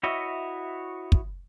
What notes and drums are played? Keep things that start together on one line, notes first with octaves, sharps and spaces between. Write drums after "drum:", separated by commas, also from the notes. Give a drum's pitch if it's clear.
E4 F#4 C#5 D#5 E5
drum: kick